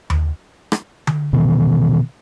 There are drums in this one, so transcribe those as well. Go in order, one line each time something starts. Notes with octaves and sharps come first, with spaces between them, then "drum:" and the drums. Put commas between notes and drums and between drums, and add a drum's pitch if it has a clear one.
drum: tom D#2
drum: rim click
drum: tom D3
B2 D#3 E3 B3